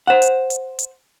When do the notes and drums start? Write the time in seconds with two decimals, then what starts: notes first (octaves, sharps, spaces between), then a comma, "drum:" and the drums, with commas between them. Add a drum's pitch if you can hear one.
0.07 C5 F#5
0.22 drum: hi-hat
0.50 drum: hi-hat
0.79 drum: hi-hat